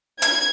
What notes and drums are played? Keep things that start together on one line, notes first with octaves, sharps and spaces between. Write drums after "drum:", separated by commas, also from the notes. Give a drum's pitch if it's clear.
G#6, drum: hi-hat